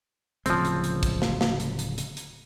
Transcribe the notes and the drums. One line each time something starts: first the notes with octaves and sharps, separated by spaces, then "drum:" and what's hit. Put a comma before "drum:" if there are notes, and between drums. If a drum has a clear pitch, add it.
D1 C#3 F3 G#3 C4, drum: hi-hat
drum: hi-hat
drum: hi-hat
drum: kick, hi-hat
drum: snare
drum: snare
drum: hi-hat
drum: hi-hat
drum: hi-hat
drum: hi-hat